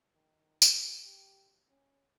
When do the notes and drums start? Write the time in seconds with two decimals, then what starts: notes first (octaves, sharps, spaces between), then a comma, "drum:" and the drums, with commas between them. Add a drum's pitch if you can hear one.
0.14 D#3
0.62 G4, drum: tambourine
1.04 G4
1.70 C#4